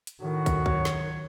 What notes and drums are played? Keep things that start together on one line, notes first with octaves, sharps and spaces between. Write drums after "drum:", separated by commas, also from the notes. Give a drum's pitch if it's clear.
drum: hi-hat
A2 D#3 F#4
drum: kick, hi-hat
F#3 C#5, drum: kick
drum: snare